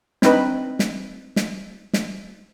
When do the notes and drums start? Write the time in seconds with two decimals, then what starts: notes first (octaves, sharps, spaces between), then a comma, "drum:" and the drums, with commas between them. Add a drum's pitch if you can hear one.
0.22 C4 D4 D#4 B4, drum: snare
0.79 drum: snare
1.36 drum: snare
1.93 drum: snare